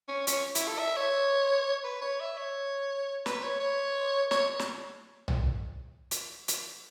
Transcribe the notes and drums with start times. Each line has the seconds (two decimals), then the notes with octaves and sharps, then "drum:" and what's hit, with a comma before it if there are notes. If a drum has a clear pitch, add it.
0.08 C#4
0.27 C#4, drum: hi-hat
0.55 E4, drum: hi-hat
0.68 A4
0.79 E5
0.97 C#5
1.84 B4
2.02 C#5
2.20 E5
2.37 C#5
3.26 B4, drum: snare
3.43 C#5
3.60 C#5
4.31 C#5, drum: snare
4.59 drum: snare
5.28 drum: tom B1
6.11 drum: hi-hat
6.48 drum: hi-hat